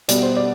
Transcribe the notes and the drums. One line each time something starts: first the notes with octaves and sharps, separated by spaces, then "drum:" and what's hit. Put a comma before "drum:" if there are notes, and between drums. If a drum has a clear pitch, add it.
B2 G3 B3 D5, drum: hi-hat
C5
D5